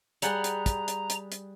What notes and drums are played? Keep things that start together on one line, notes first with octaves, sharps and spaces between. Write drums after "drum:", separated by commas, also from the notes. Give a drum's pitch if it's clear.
G3 G#4 F#5 A#5, drum: hi-hat
drum: hi-hat
drum: kick, hi-hat
drum: hi-hat
drum: hi-hat
drum: hi-hat